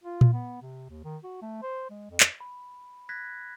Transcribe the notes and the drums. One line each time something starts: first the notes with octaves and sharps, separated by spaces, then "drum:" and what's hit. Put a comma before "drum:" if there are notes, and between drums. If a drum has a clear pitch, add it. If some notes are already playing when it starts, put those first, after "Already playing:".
F4
drum: tom A#2
B3
C3
D#2
D#3
F#4
A3
C5
G#3
F2
drum: clap
B5
F#6 G#6 A#6 B6